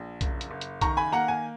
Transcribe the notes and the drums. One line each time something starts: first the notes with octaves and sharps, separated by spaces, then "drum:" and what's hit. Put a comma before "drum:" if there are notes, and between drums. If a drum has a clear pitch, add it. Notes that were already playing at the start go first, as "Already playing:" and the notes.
Already playing: A#1
F#1, drum: kick B1, hi-hat
drum: hi-hat
F#1
drum: hi-hat
D#3 A#5 C#6, drum: kick B1, hi-hat
G#5 B5
A#3 F#5 A#5
G#5